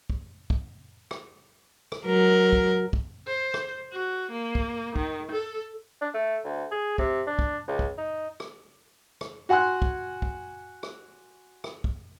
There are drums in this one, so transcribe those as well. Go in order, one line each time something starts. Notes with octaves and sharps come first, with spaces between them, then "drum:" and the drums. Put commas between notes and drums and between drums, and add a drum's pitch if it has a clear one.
drum: kick
drum: kick
drum: rim click
drum: rim click
F#3 A#4
drum: kick
drum: kick
C5
drum: rim click
F#4
A#3
drum: kick
D#3, drum: kick
A4
D4
A3
D2
G#4
C3, drum: kick
D4
drum: kick
C#2
drum: kick
D#4
drum: rim click
drum: rim click
F#4 F#5 G#5 C6 F#6
drum: kick
drum: kick
drum: rim click
drum: rim click
drum: kick